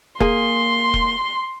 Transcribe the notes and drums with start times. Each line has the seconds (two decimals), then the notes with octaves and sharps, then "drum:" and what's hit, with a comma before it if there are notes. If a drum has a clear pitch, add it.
0.21 A#3 G#4 C6, drum: kick E1
0.94 drum: kick E1